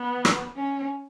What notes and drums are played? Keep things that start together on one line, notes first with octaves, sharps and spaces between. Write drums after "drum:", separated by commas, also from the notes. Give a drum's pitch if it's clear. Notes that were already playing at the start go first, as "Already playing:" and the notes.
Already playing: B3
drum: rim click
C#4